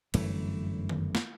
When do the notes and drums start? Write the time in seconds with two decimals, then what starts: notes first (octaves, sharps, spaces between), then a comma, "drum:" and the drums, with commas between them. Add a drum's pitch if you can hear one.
0.14 G1 F#2 E3 A3, drum: cymbal
0.89 drum: tom D#3
1.15 drum: snare